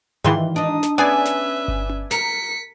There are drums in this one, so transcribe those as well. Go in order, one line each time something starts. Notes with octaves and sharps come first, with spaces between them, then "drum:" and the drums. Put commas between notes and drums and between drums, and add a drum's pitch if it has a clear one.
G#2 D#3 E3 G3 F4 C6
D4 D#4 D#6
drum: snare
B3 C#4 G#4 B4 D5 E5 G#5
drum: snare
drum: kick G1
drum: tom C#4
A#4 B6 C#7, drum: snare